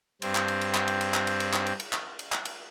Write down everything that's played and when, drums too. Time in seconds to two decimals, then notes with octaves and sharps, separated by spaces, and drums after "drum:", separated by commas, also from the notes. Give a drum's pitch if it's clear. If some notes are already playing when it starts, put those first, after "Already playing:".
0.22 G2 C4, drum: cymbal
0.35 drum: clap
0.48 drum: cymbal
0.61 drum: cymbal
0.74 drum: clap
0.88 drum: cymbal
1.01 drum: cymbal
1.14 drum: clap
1.27 drum: cymbal
1.40 drum: cymbal
1.53 drum: clap
1.66 drum: cymbal
1.80 drum: cymbal
1.93 drum: clap
2.19 drum: cymbal
2.32 drum: clap
2.45 drum: cymbal